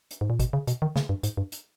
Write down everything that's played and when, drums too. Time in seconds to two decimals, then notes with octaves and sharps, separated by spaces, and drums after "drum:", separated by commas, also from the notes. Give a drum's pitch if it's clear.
0.11 drum: hi-hat
0.21 G#2
0.30 A#2
0.40 B2, drum: kick, hi-hat
0.53 C#3
0.67 B2, drum: hi-hat
0.82 D#3
0.96 C#3, drum: snare
1.09 G2
1.23 G#2, drum: hi-hat
1.37 G2
1.52 drum: hi-hat